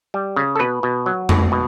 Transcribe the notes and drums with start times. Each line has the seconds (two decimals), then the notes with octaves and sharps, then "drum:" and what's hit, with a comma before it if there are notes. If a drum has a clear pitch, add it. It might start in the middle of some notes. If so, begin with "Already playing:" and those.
0.14 G3
0.36 C#3
0.56 A4
0.59 B2 B4
0.83 B2
1.06 F#3
1.29 B2, drum: tom F2
1.52 B2